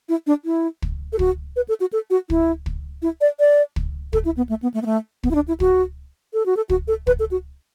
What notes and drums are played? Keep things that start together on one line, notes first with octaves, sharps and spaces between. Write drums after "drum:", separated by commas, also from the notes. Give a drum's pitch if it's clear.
E4
D4
E4
drum: kick
A4
F#4, drum: kick
B4
A4
F#4
A4
F#4
E4, drum: kick
drum: kick
E4
D5
D5
drum: kick
A4, drum: kick
E4
B3
A3
B3
A3
B3
A3
B3, drum: kick
E4
D4
E4
F#4, drum: kick
A4
F#4
A4
F#4, drum: kick
A4
B4, drum: kick
A4
F#4